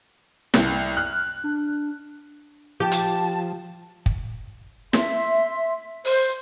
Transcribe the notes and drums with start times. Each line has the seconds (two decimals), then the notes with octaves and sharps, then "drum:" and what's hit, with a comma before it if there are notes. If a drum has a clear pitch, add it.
0.54 C2, drum: snare
0.97 F6 F#6
1.44 D4
2.80 F3 G4 A5
2.92 drum: hi-hat
4.06 drum: kick
4.93 E5 C6, drum: snare
6.05 C5, drum: open hi-hat